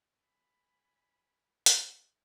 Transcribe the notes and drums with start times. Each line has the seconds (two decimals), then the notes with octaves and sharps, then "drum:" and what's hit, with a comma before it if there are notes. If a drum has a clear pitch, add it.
0.17 G#5 B5
1.66 drum: hi-hat